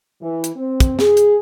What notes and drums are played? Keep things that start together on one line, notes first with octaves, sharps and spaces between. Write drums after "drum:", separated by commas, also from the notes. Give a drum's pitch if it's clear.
E3
drum: hi-hat
C4
drum: kick, hi-hat
G#4, drum: snare
drum: hi-hat